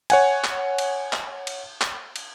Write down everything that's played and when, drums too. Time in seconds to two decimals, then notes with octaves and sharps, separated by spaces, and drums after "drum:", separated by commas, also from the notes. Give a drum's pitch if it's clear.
0.10 C#5 F#5 G#5, drum: cymbal
0.44 drum: clap
0.78 drum: cymbal
1.13 drum: clap
1.47 drum: cymbal
1.81 drum: clap
2.16 drum: cymbal